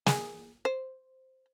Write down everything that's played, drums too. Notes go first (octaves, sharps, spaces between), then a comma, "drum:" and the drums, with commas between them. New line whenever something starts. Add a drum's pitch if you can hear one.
G#4, drum: snare
C5